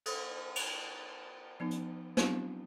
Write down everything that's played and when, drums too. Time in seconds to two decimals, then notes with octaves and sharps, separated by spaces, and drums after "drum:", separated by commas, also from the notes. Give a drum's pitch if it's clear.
0.06 A4, drum: cymbal
0.56 drum: cymbal
1.60 F3 B3 D#4
1.71 drum: hi-hat
2.17 F#3 B3 C4 D4 E4 F#4, drum: snare